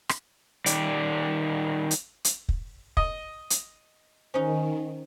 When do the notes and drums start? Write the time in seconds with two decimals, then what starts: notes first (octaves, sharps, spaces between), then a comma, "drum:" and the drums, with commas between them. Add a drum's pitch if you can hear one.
0.09 drum: rim click
0.66 D#3 G3 D5, drum: hi-hat
1.91 drum: hi-hat
2.25 drum: hi-hat
2.49 drum: kick
2.97 D#5, drum: kick
3.50 drum: hi-hat
4.34 D#3 C#4 D#4 C5